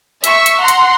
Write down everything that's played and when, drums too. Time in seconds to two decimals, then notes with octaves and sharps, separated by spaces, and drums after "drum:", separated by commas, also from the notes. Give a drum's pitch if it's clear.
0.24 E5 C#6 E6, drum: hi-hat
0.46 drum: hi-hat
0.58 F#5 A#5 C6
0.68 drum: hi-hat